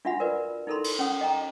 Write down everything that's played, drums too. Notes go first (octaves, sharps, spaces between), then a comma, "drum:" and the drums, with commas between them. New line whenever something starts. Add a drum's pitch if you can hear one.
D4 F4 F#4 E5 F#5 B5
A#4 B4 D5
D#4 E4 A4 A#4 B5 C6
drum: cymbal
C#4 F#5 D#6
D#5 G5 A#5